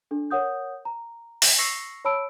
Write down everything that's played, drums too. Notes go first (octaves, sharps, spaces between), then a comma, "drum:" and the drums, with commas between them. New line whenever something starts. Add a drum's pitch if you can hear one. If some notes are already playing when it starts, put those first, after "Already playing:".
D4 A4
A#4 C#5 F#5 D#6 G6
A#5
drum: open hi-hat
C#6 E6 A#6 C7 C#7
C#5 A5 B5 E6 D7